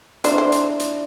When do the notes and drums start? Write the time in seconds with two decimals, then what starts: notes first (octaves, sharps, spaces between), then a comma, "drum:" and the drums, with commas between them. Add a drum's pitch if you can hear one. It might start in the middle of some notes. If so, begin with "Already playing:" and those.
0.24 D4 E4 C5, drum: hi-hat
0.38 C5
0.52 drum: hi-hat
0.79 drum: hi-hat